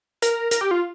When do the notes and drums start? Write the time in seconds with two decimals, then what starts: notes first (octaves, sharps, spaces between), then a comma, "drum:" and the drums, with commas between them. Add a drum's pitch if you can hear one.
0.22 A#4, drum: hi-hat
0.51 A#4, drum: hi-hat
0.61 G4
0.71 F4